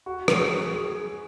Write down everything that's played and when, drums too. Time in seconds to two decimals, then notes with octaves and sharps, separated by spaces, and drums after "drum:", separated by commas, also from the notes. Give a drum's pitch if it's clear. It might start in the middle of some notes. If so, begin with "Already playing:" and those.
0.06 F#4
0.28 F#4, drum: rim click
0.38 G#4
0.62 F#4
0.70 G#4